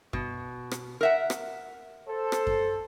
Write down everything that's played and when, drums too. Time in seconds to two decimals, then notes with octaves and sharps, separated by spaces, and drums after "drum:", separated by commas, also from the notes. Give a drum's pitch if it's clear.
0.13 B2, drum: kick F#2
0.71 drum: rim click
1.01 A#4 E5 F#5
1.30 drum: rim click
2.07 A4 C5
2.32 drum: rim click
2.47 drum: kick F#2